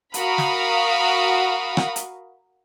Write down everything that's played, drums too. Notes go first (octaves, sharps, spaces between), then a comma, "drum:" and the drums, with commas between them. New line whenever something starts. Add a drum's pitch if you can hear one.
F#4 A#4 F5 B5 D#6, drum: hi-hat
drum: snare
drum: rim click
drum: hi-hat